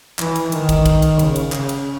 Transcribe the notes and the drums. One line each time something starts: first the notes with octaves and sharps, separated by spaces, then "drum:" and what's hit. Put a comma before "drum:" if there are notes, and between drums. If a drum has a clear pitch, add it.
E3, drum: clap
drum: cymbal
D#3, drum: cymbal
drum: kick, cymbal
drum: kick, cymbal
drum: cymbal
C#3, drum: cymbal
drum: cymbal
C#3, drum: clap
drum: cymbal